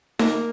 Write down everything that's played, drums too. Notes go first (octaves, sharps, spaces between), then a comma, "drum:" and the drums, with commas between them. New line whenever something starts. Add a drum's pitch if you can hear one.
A#3, drum: snare D#4